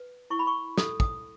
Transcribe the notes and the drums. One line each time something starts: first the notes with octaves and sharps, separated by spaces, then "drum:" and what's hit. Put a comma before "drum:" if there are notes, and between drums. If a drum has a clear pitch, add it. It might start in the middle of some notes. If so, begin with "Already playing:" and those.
Already playing: B4
E4 C#6
B5
C#6
A4 D#6, drum: snare
D#6, drum: kick